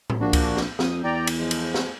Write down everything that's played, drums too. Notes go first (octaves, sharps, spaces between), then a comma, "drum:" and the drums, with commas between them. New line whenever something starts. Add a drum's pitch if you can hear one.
drum: tom A2
A#1 A#3 D4 F#4
drum: kick C#2, cymbal
drum: snare
F2 D#6, drum: snare
E2 D5 G5 A#5
drum: cymbal
F3 G#3
drum: cymbal
drum: snare